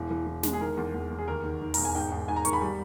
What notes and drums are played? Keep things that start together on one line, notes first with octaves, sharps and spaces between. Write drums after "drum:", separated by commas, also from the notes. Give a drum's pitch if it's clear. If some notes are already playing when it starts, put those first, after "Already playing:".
Already playing: E1 E3
E3
E3
G#3, drum: snare
G#4
D#3 A#4
E2
E2
E2
G#4
D#2 A#4
D#3
D#3
E1 A#5, drum: open hi-hat
G#5
G#2 G5
G#2
G#2 G#5
A#5
D#3 C#6, drum: hi-hat
B5
G3